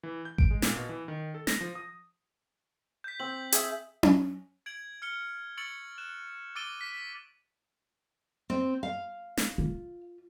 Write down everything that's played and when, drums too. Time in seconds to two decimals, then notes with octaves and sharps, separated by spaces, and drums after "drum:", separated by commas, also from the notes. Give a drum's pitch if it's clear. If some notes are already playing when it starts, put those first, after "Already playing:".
0.03 E3
0.25 G6
0.38 D7, drum: kick G#1
0.51 G#3
0.62 A#2, drum: snare
0.76 B2
0.89 E3
1.08 D#3
1.34 A4
1.47 A#6, drum: snare
1.61 F3
1.75 D#6
3.04 G6 B6
3.20 C4 F#7
3.52 G#4 E5, drum: hi-hat
4.03 drum: tom C#4
4.66 G#6 D7 F#7
5.02 F6 C#7 G7
5.57 C#6 E6 A6 C#7 D7 F#7
5.98 F#6 E7
6.55 D6 E6 A6 D7 D#7 G7
6.81 B6
8.50 C4
8.83 F5
9.37 drum: snare
9.58 F4